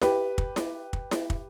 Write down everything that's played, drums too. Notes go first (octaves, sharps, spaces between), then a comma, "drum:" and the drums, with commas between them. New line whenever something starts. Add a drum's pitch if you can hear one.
G4 B4, drum: snare E4
drum: kick
drum: snare E4
drum: kick
drum: snare E4
drum: kick